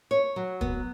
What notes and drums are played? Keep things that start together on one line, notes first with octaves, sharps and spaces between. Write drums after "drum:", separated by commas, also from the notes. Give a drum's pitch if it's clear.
C#5
F#3
B3, drum: kick